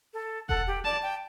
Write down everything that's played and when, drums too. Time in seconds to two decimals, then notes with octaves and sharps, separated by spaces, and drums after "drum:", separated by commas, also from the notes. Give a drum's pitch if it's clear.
0.14 A4
0.49 A4 F#5, drum: kick E1
0.67 G4
0.85 D5 A5
1.02 G5